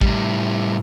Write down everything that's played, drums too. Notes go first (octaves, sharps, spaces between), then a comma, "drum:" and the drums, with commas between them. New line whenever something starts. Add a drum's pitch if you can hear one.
A2 G3, drum: kick